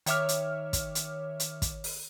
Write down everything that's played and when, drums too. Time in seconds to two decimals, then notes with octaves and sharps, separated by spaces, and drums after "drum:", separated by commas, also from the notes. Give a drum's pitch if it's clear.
0.06 D#3 C#5 E5 D6 F6, drum: hi-hat
0.29 drum: hi-hat
0.73 drum: kick, hi-hat
0.95 drum: hi-hat
1.40 drum: hi-hat
1.62 drum: kick, hi-hat
1.84 drum: open hi-hat